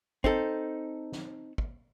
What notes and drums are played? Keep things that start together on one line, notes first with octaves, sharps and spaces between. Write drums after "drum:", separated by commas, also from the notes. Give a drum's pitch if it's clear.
C4 D#4 A4, drum: kick
drum: snare
drum: kick